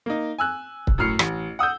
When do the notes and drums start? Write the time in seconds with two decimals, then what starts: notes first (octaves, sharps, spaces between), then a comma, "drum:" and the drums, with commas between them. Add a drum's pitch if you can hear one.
0.06 A#3 D#4
0.38 G#5 E6 F#6
0.87 drum: kick
0.98 F#2 A2 F6 C7 C#7
1.19 A1, drum: rim click
1.59 F#5 D#6 E6 G6